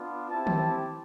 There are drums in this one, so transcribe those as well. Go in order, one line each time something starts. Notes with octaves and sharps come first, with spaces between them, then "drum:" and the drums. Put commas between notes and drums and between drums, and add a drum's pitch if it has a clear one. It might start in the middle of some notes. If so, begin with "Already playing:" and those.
Already playing: B3 D4 F4
C4 E4 G4 A5
drum: tom D#3